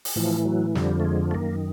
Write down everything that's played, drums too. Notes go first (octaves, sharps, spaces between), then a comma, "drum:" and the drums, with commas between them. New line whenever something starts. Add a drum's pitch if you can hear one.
drum: open hi-hat
A2 E3 F3
F#3
F2 D3 F3 G3, drum: snare
A3
G#3
A3
F#2 D#3 A#3